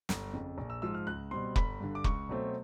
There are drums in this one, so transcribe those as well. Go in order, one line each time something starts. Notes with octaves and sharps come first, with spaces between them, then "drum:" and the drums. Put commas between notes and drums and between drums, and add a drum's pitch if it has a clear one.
G1, drum: snare
F2 C#3
A#1
E6
G#2 F3 E6
F6
C#2 F#6
B2 G3 C4 C6
G1 B5, drum: kick
G2 D3
D6
C#2 C#6, drum: kick
B2 F#3 A3 C4